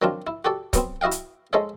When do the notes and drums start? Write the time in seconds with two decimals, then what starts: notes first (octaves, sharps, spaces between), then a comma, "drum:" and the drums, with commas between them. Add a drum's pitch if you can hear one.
0.02 D#3 F#3 C4 D4 F4
0.27 E4
0.45 F#4 G4 A4 D5
0.73 F#3 B3 C4, drum: kick C#1, hi-hat
1.01 E4 F#4 D#5 F5 G5
1.11 drum: hi-hat
1.53 G#3 D#4 A4 C5 C#5 E5